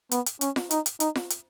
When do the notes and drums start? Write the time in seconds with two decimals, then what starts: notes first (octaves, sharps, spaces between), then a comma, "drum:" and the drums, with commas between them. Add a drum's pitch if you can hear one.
0.11 B3, drum: hi-hat
0.26 drum: hi-hat
0.41 C#4, drum: hi-hat
0.56 drum: snare F4
0.71 D#4, drum: hi-hat
0.86 drum: hi-hat
1.00 D#4, drum: hi-hat
1.15 drum: snare F4
1.30 drum: hi-hat